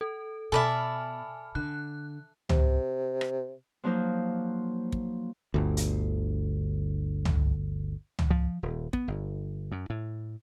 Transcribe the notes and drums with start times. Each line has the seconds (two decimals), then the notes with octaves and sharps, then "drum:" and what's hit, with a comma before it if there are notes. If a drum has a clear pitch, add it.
0.01 A4
0.52 B2 A4 D5 E5 G#5 B5 F6
1.55 D3 F#6
2.49 C3, drum: tom C#2
3.21 drum: rim click
3.84 F3 F#3 A#3 D#4 C5
4.92 drum: kick
5.54 G1 D2
5.77 drum: hi-hat
7.25 drum: tom C#2
8.19 drum: tom C#2
8.31 F3
8.63 D#1
8.93 B3, drum: kick
9.08 G1
9.72 F#2
9.90 A2